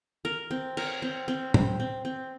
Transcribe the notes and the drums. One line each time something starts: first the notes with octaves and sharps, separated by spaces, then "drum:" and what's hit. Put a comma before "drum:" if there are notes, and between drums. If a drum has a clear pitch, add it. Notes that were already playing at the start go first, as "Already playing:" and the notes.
A#4
C4
A#4, drum: cymbal
C4
C4
C4, drum: tom
C4
C4